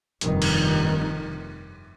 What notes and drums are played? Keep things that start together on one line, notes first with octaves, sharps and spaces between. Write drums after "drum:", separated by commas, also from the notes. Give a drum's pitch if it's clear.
F1 G2 D#3, drum: hi-hat
drum: cymbal